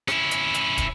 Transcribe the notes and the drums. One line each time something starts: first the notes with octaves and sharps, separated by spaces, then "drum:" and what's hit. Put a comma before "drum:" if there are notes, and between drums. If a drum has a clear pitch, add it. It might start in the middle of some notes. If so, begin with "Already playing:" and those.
C#4 E4, drum: rim click
drum: hi-hat
drum: hi-hat
drum: kick, hi-hat